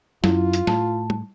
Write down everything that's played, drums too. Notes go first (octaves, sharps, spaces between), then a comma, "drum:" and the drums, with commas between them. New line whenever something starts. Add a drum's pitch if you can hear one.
F#2 E4 F4, drum: snare
drum: hi-hat
A2 A5, drum: snare
drum: tom